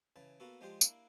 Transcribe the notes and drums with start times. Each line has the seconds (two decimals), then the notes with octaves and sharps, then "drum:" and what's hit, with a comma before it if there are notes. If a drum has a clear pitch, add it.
0.16 C#3 E3 A5
0.40 A#3 B3 F#4 A4
0.61 F3 G#3 D4 F4 G4 C5
0.81 A#3 D4 E4, drum: tambourine